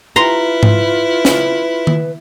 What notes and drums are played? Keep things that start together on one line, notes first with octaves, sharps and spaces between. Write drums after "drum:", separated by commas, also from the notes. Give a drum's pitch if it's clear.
E4 F4 B4 A#5 C6
drum: tom G#2
drum: snare
drum: tom D#3